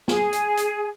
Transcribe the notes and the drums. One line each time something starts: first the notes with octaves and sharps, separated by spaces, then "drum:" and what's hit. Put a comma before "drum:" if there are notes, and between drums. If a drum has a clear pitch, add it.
G#4, drum: snare
drum: hi-hat
drum: hi-hat